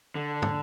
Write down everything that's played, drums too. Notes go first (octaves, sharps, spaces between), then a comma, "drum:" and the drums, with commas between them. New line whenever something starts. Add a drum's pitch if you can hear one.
D3
drum: tom